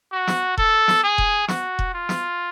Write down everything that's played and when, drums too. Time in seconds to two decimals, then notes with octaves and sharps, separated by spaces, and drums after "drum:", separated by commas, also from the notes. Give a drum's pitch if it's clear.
0.12 F#4
0.28 drum: snare
0.58 A4, drum: kick E1
0.88 drum: snare
1.03 G#4
1.18 drum: kick E1
1.48 F#4, drum: snare
1.79 drum: kick E1
1.94 F4
2.09 drum: snare